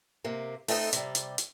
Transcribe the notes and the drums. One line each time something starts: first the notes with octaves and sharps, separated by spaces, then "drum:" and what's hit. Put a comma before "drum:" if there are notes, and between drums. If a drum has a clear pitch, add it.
C3 A#3
A3 C4 D#4 A4 C#5 D#5, drum: open hi-hat
C3 G3, drum: hi-hat
drum: hi-hat
drum: hi-hat